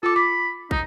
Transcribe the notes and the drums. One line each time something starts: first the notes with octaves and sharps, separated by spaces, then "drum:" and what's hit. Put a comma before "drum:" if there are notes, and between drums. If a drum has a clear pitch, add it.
F4 A4 D6
B5 D6
D#4, drum: kick